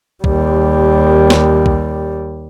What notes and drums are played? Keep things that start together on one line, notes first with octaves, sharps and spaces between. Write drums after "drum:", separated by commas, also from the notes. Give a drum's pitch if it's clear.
D#2 G3, drum: kick
drum: snare
drum: kick